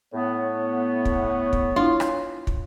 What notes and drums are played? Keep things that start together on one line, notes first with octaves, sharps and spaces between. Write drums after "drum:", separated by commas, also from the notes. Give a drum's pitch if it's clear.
A2 B3 C#5
drum: kick
drum: kick
D4 E4 F4
drum: rim click
drum: kick